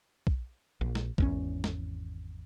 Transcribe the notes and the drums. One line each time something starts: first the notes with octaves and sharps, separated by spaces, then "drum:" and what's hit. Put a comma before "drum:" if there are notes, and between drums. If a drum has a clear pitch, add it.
drum: kick
A#1
drum: snare
G#1 E2 C#4, drum: kick
drum: snare